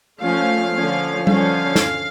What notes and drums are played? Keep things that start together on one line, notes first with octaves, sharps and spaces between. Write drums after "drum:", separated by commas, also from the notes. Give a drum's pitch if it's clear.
F3 A3 C#4 F5
D3 F3 C#4
D3 F3 C#4 F5, drum: tom G3
drum: snare